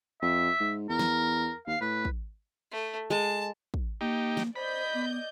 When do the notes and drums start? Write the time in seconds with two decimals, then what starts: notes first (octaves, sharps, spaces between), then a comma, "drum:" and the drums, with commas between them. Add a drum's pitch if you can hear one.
0.22 F2 E5
0.60 G#2
0.89 E2 A#4
0.99 drum: snare
1.67 D#2 F5
1.81 A2 B4
2.05 drum: kick
2.71 A3
3.10 G#3 A5
3.74 drum: kick
4.01 A#3 D#4 G4
4.37 drum: snare
4.56 C5 D5 D#5 B5 G6
4.94 B3